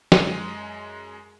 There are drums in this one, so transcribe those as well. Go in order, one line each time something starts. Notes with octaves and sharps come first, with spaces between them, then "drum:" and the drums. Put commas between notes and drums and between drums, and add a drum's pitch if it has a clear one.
F#2 G#3 D#7, drum: snare